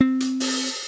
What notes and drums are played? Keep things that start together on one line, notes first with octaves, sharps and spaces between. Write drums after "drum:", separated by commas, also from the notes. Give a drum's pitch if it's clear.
C4
drum: hi-hat
drum: open hi-hat